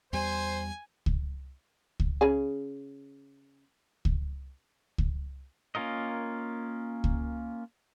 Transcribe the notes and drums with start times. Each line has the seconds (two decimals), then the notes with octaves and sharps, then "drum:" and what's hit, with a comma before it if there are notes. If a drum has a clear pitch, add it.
0.13 E2 G3 C5 G#5
1.06 drum: kick C#2
2.00 drum: kick C#2
2.21 C#3 C#4 G#4
4.05 drum: kick C#2
4.98 drum: kick C#2
5.75 A#3 C#4 F4 A#4 D#5
7.04 drum: kick C#2